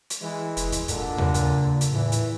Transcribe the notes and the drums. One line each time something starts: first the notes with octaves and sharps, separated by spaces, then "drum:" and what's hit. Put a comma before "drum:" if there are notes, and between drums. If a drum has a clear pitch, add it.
drum: hi-hat
E3 G#3
F1, drum: hi-hat
drum: kick D#2, hi-hat
G2 A#2 D3, drum: hi-hat
C#3, drum: tom E2
drum: hi-hat
drum: hi-hat
E2 A2 E3
drum: hi-hat